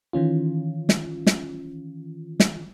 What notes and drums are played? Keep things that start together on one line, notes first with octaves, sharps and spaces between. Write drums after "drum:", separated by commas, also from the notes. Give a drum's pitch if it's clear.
D#3 E3 C#4 F4
drum: snare
drum: snare
drum: snare